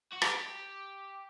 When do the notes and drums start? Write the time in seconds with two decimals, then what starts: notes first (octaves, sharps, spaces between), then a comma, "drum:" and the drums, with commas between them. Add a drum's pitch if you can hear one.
0.12 F#4
0.22 G4, drum: rim click